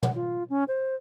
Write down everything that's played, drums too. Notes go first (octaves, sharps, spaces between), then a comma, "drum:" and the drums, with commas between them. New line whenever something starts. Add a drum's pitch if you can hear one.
F#5, drum: tom
F4
C#4
C5